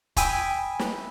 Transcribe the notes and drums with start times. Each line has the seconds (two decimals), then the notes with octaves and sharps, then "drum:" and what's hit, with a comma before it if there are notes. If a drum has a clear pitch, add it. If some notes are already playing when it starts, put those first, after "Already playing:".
0.16 G5 G#5 B5 D#6 E6 D#7, drum: kick, hi-hat
0.79 drum: snare